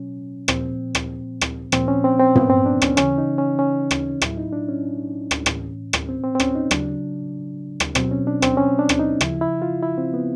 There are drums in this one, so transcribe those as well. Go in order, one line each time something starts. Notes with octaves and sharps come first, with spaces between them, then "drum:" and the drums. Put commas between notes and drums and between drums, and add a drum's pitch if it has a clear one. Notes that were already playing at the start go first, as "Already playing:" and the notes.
Already playing: B2 F#3 C#4
A#2 F3 C4, drum: rim click
drum: rim click
drum: rim click
A#2 F3 C4, drum: rim click
C#4
C4
C4
B3, drum: tom
C4
D4
C#4, drum: rim click
C#3 E3 C#4, drum: rim click
D#4
C#4
C#4
drum: rim click
A2 F#3 E4, drum: rim click
D#4
D4
C#4
drum: rim click
A2 E3, drum: rim click
drum: rim click
C4
C4
C4
C#4, drum: rim click
D#4
C#3 F#3 D4, drum: rim click
drum: rim click
B2 F#3 C4, drum: rim click
C#4
D4
C4, drum: rim click
C#4
D4
drum: rim click
D#4
C#3 F3 E4, drum: rim click
E4
F4
E4
C4
B3